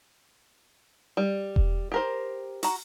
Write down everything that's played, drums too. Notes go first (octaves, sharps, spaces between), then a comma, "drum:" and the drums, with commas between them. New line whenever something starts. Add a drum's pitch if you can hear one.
G3
drum: kick E1
G4 A#4 C5
F#4 A#5, drum: open hi-hat